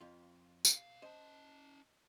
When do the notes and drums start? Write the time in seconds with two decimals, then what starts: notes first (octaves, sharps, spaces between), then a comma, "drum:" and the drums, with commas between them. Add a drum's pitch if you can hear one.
0.01 F2 F4
0.65 drum: tambourine
0.76 B2 F5
1.02 C#4 C5 D#5 A5